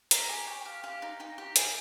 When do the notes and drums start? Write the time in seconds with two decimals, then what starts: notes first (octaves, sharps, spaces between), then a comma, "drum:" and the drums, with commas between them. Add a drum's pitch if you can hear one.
0.11 G4 A#5, drum: hi-hat
0.29 G4 G#5
0.47 C#5 G5
0.65 G4 F5
0.84 G4 F5
1.02 D#4
1.20 D#4 G5
1.38 G4
1.56 G#4 G5, drum: hi-hat